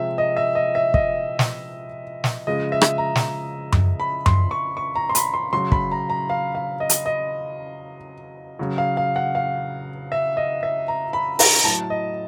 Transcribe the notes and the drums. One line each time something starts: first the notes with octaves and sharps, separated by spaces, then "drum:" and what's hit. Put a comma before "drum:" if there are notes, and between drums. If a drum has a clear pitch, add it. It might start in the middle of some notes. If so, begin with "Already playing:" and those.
Already playing: C3 F3 G#3 E5
D#5
E5
D#5
E5
D#5, drum: kick
drum: snare
drum: snare
C#3 F3 G#3 D#5
E5
drum: rim click
A#5
drum: snare
drum: tom F#2
B5
C6, drum: tom F#2
C#6
C#6
A#5
C6
B5, drum: hi-hat
C6
C#3 F#3 C6
B5, drum: kick
A#5
A#5
F5
F5
D#5
drum: hi-hat
D#5
C#3 F#3
F5
F5
F#5
F5
E5
D#5
E5
A#5
B5
A#5, drum: open hi-hat
A2 F#3 A5
D#5